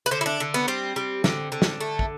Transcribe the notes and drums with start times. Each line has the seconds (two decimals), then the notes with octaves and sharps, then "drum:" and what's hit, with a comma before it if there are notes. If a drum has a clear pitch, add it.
0.06 B4
0.11 D3 C5
0.21 E4
0.26 D4
0.40 D3
0.54 B3
0.68 G3 C4
0.96 G3
1.24 D3, drum: snare
1.52 D3
1.62 drum: snare
1.80 A3
1.99 drum: kick